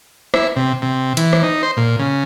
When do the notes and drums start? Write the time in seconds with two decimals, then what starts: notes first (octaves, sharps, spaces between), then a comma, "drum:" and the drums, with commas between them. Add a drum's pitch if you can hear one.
0.34 E4, drum: rim click
0.56 C3
0.82 C3
1.17 E3, drum: hi-hat
1.33 drum: rim click
1.43 D#4
1.63 C5
1.77 A#2
1.99 C#3